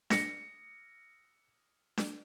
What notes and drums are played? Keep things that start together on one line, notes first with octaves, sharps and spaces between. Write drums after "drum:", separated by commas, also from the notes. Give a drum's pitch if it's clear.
A#6 C#7, drum: snare D4
drum: snare D4